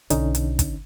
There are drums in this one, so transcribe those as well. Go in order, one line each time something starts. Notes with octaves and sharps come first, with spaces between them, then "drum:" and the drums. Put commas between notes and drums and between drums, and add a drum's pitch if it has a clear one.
B1 D3 C#4 D#4, drum: hi-hat
drum: hi-hat
drum: kick, hi-hat